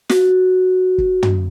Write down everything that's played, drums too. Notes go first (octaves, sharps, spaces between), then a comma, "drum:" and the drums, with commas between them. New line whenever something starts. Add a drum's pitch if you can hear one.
F#4, drum: snare
drum: kick
drum: tom